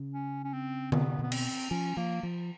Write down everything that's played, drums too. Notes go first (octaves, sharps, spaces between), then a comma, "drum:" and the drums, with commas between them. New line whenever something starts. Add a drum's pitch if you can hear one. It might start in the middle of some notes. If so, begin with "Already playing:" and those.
Already playing: C#3
C#4
C#4
C4
C3 B3, drum: tom D3
B2 B3
C4, drum: cymbal
F3 C#4
F3 A#3
F3